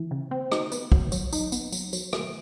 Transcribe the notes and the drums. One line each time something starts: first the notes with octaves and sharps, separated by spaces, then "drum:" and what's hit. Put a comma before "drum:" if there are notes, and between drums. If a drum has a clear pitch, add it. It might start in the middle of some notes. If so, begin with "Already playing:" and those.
Already playing: E3
C#3
C4
D#4, drum: rim click
B3, drum: tambourine
F#3, drum: kick
F#3, drum: tambourine
D#4, drum: tambourine
B3, drum: tambourine
F#3, drum: tambourine
F#3, drum: tambourine
A3, drum: rim click